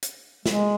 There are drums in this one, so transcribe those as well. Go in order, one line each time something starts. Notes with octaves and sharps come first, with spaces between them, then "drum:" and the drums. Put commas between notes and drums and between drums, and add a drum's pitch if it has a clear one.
drum: hi-hat
G#3, drum: snare